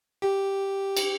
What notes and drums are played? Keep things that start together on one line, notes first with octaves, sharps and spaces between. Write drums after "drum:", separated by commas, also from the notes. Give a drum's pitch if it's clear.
G4
drum: cymbal